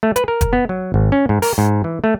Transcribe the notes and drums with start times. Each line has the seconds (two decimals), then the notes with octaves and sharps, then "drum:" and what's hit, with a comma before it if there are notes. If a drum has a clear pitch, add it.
0.03 A3
0.16 B4, drum: hi-hat
0.28 A#4
0.41 drum: kick, hi-hat
0.53 B3
0.69 F#3
0.94 G#1
1.12 C#4
1.29 G#2
1.42 A#4, drum: open hi-hat
1.58 G#2
1.84 E3
2.04 A3